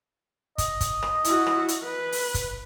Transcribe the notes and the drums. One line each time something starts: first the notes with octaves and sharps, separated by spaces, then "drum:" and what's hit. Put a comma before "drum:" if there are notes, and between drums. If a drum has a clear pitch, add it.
D#5, drum: kick, hi-hat
drum: kick, hi-hat
drum: rim click
E4 F#4, drum: hi-hat
drum: rim click
drum: hi-hat
B4
drum: open hi-hat
drum: kick, hi-hat